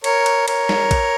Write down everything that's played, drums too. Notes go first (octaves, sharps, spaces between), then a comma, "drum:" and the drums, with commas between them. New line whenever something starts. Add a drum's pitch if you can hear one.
A#4 C#5, drum: cymbal
drum: cymbal
A#4 C#5, drum: cymbal
drum: snare
drum: kick, cymbal